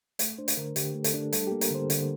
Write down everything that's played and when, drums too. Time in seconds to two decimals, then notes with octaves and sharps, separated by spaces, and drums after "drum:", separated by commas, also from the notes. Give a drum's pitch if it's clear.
0.19 A3, drum: hi-hat
0.38 D4 C5
0.48 drum: hi-hat
0.57 D3 A#4
0.76 D3 G4, drum: hi-hat
0.95 A3
1.04 A4, drum: hi-hat
1.14 D4
1.33 G3 A4, drum: hi-hat
1.47 A#3 G4
1.61 A#4, drum: hi-hat
1.71 D3 C5
1.90 D3, drum: hi-hat